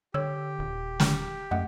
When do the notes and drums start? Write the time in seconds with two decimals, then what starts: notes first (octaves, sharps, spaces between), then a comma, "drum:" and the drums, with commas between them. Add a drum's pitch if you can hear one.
0.14 D3 G4 C#5 E6
0.59 D#1
1.00 drum: snare
1.51 F#2 A3 D#5 F#5